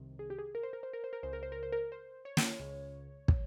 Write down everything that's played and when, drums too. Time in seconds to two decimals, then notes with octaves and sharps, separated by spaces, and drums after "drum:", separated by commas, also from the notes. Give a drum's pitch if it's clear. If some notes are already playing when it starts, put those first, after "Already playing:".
Already playing: C2 C3 D#3
0.19 G#4
0.30 G4
0.39 G#4
0.55 A#4
0.63 C5
0.73 A#4
0.83 C5
0.93 A#4
1.04 C5
1.13 A#4
1.23 C#2 C#3 C5
1.33 A#4
1.43 C5
1.52 A#4
1.63 C5
1.72 A#4
1.92 C5
2.25 C#5
2.37 drum: snare
2.60 C#2 C#3
3.28 drum: kick